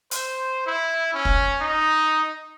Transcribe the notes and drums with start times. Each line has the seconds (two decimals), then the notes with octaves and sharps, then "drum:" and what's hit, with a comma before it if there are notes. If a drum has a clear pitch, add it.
0.11 C5, drum: hi-hat
0.66 E4
1.14 C#4
1.25 drum: kick
1.61 D#4